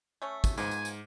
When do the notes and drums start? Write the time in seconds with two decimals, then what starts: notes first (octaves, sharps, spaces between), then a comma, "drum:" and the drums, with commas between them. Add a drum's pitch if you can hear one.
0.22 A3 C#4
0.44 drum: kick, tambourine
0.58 G#2 F3 A#3 B3 G#5, drum: tambourine
0.71 drum: tambourine
0.85 drum: tambourine